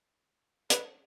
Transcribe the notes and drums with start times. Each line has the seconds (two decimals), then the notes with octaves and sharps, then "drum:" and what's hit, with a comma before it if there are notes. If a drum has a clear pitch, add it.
0.70 B4, drum: hi-hat